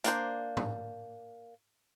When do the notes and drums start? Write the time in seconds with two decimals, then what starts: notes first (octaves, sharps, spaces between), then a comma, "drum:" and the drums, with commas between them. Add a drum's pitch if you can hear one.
0.04 A#3 D4 C5, drum: hi-hat
0.57 drum: tom G#2